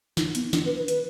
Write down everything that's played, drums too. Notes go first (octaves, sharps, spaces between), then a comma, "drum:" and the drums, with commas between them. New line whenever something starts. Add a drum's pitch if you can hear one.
D#4, drum: snare
B3, drum: hi-hat
D4, drum: snare
B4
B4
B4, drum: hi-hat